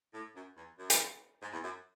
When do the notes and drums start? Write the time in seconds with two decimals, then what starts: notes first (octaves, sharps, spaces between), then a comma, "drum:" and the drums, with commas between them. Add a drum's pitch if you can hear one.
0.14 A2
0.35 F#2
0.57 E2
0.78 F#2
0.90 drum: hi-hat
1.42 G#2
1.53 E2
1.64 F#2